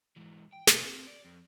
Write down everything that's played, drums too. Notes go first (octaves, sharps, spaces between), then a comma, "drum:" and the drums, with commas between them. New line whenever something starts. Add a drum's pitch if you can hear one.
G#2 E3
G5
B2 D3, drum: snare
C4
D5
F2